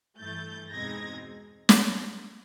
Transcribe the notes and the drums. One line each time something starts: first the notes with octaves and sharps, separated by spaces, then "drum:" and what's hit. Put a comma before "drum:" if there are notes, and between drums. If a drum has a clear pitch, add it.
G2 E3 A3 G6 A6
E2 B2 G#3 C4 D#4 G#6 A#6
drum: snare